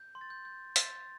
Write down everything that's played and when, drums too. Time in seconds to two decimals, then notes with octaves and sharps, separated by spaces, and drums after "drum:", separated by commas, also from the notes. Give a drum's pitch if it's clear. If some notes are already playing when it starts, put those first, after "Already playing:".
Already playing: G6
0.15 C6
0.21 A6
0.30 G6
0.45 G6
0.76 C6 A6, drum: hi-hat